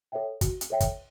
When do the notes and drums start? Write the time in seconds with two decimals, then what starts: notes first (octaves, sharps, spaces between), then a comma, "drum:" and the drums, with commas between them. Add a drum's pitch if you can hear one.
0.12 A4 C#5 E5 G5
0.41 F#4, drum: kick, hi-hat
0.61 drum: hi-hat
0.70 A4 C#5 E5 G5
0.80 drum: kick, hi-hat